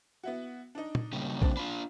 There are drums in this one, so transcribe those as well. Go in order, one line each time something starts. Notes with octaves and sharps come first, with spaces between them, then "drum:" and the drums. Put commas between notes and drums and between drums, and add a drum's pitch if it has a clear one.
B3 E4 F#4
D4 D#4
drum: tom
C#3 G3 A#3
C4 D4, drum: kick A#1
D4 F4 B5